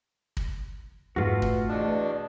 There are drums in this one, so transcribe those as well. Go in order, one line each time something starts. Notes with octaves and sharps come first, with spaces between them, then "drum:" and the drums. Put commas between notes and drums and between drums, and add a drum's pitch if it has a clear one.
drum: kick
F2 G#2 A3 F4 F#4 B4
drum: kick
E2 B2 D4